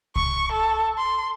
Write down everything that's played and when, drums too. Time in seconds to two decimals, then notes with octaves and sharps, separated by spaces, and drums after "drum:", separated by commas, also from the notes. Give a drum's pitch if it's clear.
0.16 C#6, drum: kick C2
0.52 A4
0.98 C6